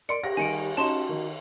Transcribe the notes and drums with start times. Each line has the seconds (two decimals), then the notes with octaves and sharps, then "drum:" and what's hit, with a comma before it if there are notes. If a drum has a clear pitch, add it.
0.09 A#4 D5 C6 C#7 D7
0.24 G4 A#6, drum: cymbal
0.37 D#3 G3 G#5 C#7 D7
0.77 C#4 D#4 F#4 G4 A5 C6 E7
1.09 D#3